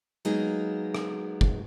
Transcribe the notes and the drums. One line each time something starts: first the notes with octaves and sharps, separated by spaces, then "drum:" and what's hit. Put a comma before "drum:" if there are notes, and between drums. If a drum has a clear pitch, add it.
F#3 G#3 A#3 B3 D#4 G#4
drum: rim click
drum: kick